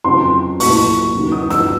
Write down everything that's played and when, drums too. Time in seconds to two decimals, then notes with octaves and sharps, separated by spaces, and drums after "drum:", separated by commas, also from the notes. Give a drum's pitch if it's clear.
0.04 F2 C#3 F#3 C6
0.60 C2 A#2 F#3 A3 C#6, drum: open hi-hat
1.14 D#2 C#3 F#3
1.32 D#6
1.50 E6, drum: snare